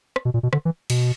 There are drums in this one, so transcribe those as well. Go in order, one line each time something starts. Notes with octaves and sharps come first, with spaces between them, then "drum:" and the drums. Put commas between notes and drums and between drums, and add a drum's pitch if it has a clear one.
drum: rim click
B2
A#2
B2
D3, drum: rim click
E3
B2, drum: cymbal